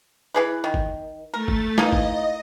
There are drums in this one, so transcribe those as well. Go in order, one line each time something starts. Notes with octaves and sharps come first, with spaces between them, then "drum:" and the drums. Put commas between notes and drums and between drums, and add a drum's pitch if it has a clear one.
E3 G#4 B4
D#3
drum: kick
A3 A#4 A6
drum: kick
E3 A#3 D#4 D#5, drum: snare
drum: kick